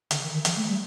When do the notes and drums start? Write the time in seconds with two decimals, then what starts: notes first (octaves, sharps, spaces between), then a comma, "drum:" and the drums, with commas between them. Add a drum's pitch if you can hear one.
0.11 D3, drum: hi-hat
0.22 D#3
0.34 D#3
0.45 F3, drum: hi-hat
0.56 A3
0.68 G3